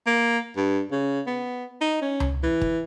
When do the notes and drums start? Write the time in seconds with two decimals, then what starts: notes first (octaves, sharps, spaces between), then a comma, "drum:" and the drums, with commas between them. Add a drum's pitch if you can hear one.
0.06 A#3
0.57 G2
0.92 C#3
1.27 B3
1.81 D#4
2.02 C#4
2.20 drum: tom C#2
2.43 E3
2.62 drum: kick